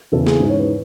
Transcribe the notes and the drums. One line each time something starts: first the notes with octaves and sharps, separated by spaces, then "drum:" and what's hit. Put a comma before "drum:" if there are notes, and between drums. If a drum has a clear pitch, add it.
E2 C#3 E3 A4
G#4, drum: snare
G#2 E3
C#5
B4